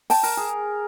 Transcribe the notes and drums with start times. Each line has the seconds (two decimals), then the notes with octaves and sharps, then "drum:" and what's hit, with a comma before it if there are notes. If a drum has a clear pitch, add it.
0.10 G5 A5, drum: open hi-hat
0.23 A#4, drum: open hi-hat
0.37 G#4